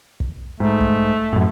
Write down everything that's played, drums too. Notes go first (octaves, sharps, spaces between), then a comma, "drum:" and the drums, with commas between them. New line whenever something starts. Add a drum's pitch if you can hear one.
drum: kick
G#2 A3
drum: kick
F#2 A2